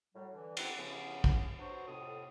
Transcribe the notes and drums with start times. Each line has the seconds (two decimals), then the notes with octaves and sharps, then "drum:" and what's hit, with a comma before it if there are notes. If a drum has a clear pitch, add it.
0.14 A2 F#3 G3
0.33 D3 E3
0.57 C4 D#4 E4 A4 F#5, drum: cymbal
0.78 C#3 E3 F3 B3
1.24 drum: kick
1.59 F#3 B3 D4 F#4 C5
1.88 F2 A2 C3 B3 D#6